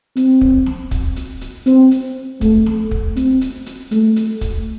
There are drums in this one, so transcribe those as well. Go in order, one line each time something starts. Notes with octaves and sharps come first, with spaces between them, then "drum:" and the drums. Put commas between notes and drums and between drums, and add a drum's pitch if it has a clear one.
C4, drum: hi-hat
drum: kick
drum: snare
drum: kick, hi-hat
drum: hi-hat
drum: hi-hat
C4, drum: hi-hat
drum: hi-hat
A3, drum: kick, hi-hat
drum: snare
drum: kick
C4, drum: hi-hat
drum: hi-hat
drum: hi-hat
A3, drum: hi-hat
drum: hi-hat
drum: kick, hi-hat